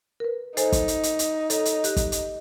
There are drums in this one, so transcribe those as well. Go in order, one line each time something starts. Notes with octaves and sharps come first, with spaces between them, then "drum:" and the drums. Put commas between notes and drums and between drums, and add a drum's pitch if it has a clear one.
A#4 B4
D#4 A4 C5 G#5, drum: hi-hat
drum: kick, hi-hat
drum: hi-hat
drum: hi-hat
drum: hi-hat
A4 C#5 D#5, drum: hi-hat
drum: hi-hat
G4 F#6, drum: hi-hat
drum: kick, hi-hat
drum: hi-hat